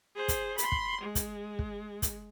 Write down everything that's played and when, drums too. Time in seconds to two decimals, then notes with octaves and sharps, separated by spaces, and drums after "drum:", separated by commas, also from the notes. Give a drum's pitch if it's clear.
0.15 G#4 C5
0.28 drum: kick, hi-hat
0.58 B5 C6, drum: hi-hat
0.72 drum: kick
1.01 G#3
1.15 drum: kick, hi-hat
1.59 drum: kick
2.02 drum: kick, hi-hat